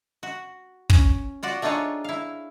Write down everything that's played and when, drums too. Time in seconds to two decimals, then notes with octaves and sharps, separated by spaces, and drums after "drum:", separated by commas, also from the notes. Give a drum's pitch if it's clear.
0.23 F#4
0.90 C#4, drum: kick
1.43 F4 F#4 D5
1.62 A3 D4 D#4 F4 G#4 C#5
2.04 E4 F5